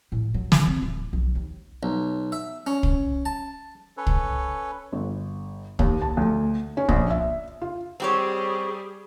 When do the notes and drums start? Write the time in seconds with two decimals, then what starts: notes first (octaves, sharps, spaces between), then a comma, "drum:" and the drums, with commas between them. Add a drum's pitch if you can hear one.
0.12 A2
0.34 F#3
0.52 D3, drum: snare
0.67 C4
0.82 D1
1.13 B1
1.35 D#2
1.83 B1
2.32 E5
2.67 C#4
2.83 drum: kick
3.26 A5
3.97 C#4 A4 B4 C#5
4.07 drum: kick
4.92 G1
5.79 D#2, drum: kick
6.02 A5
6.17 D2
6.77 C#4
6.89 A#1, drum: kick
7.10 E5
7.62 F4
8.00 G3 C4 G4 G#4 C#5